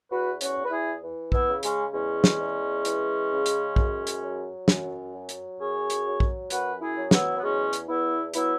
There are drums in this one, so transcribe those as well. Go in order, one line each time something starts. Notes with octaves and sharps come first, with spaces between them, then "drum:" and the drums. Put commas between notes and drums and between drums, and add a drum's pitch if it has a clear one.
E2 F#4 B4
C#4 F#4, drum: hi-hat
E2
B4
E4 G#4
E3
B3 E4, drum: kick
C#3
G#3 C#4, drum: hi-hat
E2 G#3 C#4
drum: snare
E2
E3, drum: hi-hat
C#3
drum: hi-hat
F#2, drum: kick
drum: hi-hat
F#3
F#2, drum: snare
F#3
drum: hi-hat
F#2 G#4 C#5
drum: hi-hat
F#3
drum: kick
F#2 F#4 B4, drum: hi-hat
E4 G#4
F#3
B3 E4, drum: snare
B3
E2 G#3 C#4
drum: hi-hat
E2 B3 E4
F#3 B3 E4, drum: hi-hat